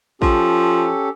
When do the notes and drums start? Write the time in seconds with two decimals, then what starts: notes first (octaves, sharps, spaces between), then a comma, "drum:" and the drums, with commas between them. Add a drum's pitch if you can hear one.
0.22 F3 C#4 G4 A4, drum: kick